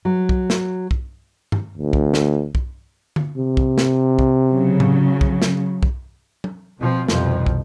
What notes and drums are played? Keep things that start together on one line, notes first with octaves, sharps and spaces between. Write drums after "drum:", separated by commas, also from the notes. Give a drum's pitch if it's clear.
F#3
drum: kick
drum: snare
drum: kick
drum: tom G2
D2
drum: kick
drum: snare
drum: kick
drum: tom D3
C3
drum: kick
drum: snare
drum: kick
C#3 F#3
drum: tom A2
drum: kick
drum: snare
drum: kick
drum: tom F#3
B2 F3 C4
C2 F2 B2 D#3 F3, drum: snare
drum: kick